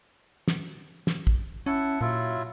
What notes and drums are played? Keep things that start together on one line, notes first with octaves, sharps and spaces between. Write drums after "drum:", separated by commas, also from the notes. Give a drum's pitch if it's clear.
drum: snare
drum: snare
drum: kick
C#4 E4 F#5 A5
A#2 F#3 E4 F4